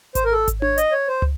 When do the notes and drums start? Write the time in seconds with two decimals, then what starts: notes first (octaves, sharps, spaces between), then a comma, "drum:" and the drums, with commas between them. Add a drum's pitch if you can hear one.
0.15 C5, drum: kick G#1, hi-hat
0.25 A#4
0.32 A4
0.48 drum: kick G#1, hi-hat
0.62 C#5, drum: tom D4
0.78 D#5, drum: hi-hat
0.92 C#5
1.08 C5
1.22 drum: tom